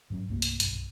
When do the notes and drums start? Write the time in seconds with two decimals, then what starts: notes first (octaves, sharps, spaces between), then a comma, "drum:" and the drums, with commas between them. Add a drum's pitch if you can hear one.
0.10 G#2 F#3 C#4
0.29 C2 G2 A3 A#3
0.42 drum: hi-hat
0.60 B1 G2, drum: hi-hat